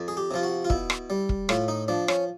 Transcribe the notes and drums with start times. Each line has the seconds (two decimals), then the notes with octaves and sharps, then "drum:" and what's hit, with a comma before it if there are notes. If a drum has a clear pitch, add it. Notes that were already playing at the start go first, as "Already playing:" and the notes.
Already playing: F2
0.08 G#4
0.17 G4
0.31 C3 F3 F4
0.43 F#4
0.65 F4
0.70 B2 E4, drum: kick
0.90 drum: rim click
1.10 G3
1.29 drum: kick
1.49 A2 F4, drum: rim click
1.68 D#4
1.88 F3 D4
2.08 C#4, drum: rim click